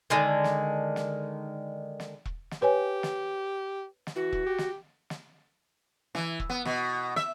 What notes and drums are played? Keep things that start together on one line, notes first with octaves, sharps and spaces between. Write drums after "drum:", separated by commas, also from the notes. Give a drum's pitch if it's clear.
D3 D#3 G#3
drum: snare
drum: snare
drum: snare
drum: kick E1
drum: snare
G4 B4 C#5 G#5
drum: snare
drum: snare
E3 F#4
drum: kick E1
G4
drum: snare
drum: snare
E3, drum: snare
drum: kick E1
B3
B2, drum: snare
E5, drum: snare